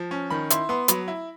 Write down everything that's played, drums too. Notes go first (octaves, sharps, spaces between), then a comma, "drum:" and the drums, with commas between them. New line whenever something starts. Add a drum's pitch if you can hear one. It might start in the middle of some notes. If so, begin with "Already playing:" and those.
Already playing: F3
C#4
D#3 B5
E4 C6, drum: hi-hat
B3 C6
F#3 B5, drum: hi-hat
E4